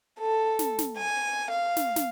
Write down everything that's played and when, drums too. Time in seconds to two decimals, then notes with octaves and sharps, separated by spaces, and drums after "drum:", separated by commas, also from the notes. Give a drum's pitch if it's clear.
0.20 A4
0.59 drum: snare
0.79 drum: snare
0.98 G#5
1.52 F5
1.77 drum: snare
1.96 drum: snare